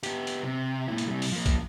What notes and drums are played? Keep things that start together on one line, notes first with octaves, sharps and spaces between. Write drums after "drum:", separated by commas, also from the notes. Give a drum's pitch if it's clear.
B3 G4, drum: hi-hat
drum: hi-hat
C3
A#2 E4
drum: hi-hat
C3 G3
drum: open hi-hat
F3 A#3
drum: kick, hi-hat